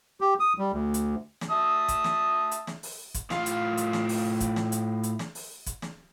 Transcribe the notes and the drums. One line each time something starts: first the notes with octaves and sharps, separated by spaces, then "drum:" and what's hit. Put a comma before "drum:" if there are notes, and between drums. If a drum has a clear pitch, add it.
G4
D#6
G3
D2
drum: hi-hat
drum: snare
E5 A5 D#6
drum: kick, hi-hat
drum: snare
drum: hi-hat
drum: snare
drum: open hi-hat
drum: kick, hi-hat
A2 F4 F5, drum: snare
drum: hi-hat
drum: hi-hat
drum: snare
drum: open hi-hat
drum: kick, hi-hat
drum: snare
drum: hi-hat
drum: hi-hat
drum: snare
drum: open hi-hat
drum: kick, hi-hat
drum: snare